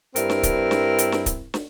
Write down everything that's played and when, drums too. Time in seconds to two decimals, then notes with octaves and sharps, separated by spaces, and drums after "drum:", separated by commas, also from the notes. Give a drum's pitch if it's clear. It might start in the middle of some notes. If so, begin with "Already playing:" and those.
0.16 G2 C4 E4 A#4, drum: hi-hat
0.30 drum: snare
0.43 drum: kick D1, hi-hat
0.71 drum: snare
0.99 drum: hi-hat
1.12 drum: snare
1.26 drum: kick D1, hi-hat
1.54 drum: snare